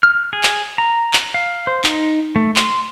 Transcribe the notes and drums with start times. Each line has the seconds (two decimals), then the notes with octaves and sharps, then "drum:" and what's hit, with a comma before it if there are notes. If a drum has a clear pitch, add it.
0.03 F6
0.33 G#4
0.43 drum: clap
0.78 A#5
1.13 drum: clap
1.34 F5
1.67 C5
1.84 D#4, drum: clap
2.36 A3
2.56 C6, drum: clap